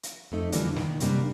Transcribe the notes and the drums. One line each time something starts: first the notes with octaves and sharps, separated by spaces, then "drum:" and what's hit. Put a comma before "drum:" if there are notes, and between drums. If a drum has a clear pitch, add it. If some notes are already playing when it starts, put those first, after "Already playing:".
drum: hi-hat
F2 A3 D#4
D3 E3 F3 G3 A#3 D4, drum: hi-hat
D#3, drum: snare
F#2 C3 G3 A#3 D4, drum: hi-hat